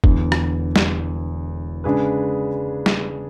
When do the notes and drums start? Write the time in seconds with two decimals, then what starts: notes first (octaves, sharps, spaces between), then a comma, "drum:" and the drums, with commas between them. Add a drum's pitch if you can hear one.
0.04 E1 E2 D3, drum: kick
0.32 drum: rim click
0.76 drum: snare
1.84 C#3 G#3 D4 G#4 B4
2.86 drum: snare